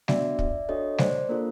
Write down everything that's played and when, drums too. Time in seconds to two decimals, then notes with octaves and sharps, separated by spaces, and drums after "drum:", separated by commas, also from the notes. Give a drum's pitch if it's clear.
0.08 B3 D4 F#4 D5 E5, drum: snare G3
0.39 drum: kick
0.69 D4 F#4 A4 C#5 D#5
0.98 C5 D5, drum: snare G3
1.29 A#3 D4 F4 A4 A#4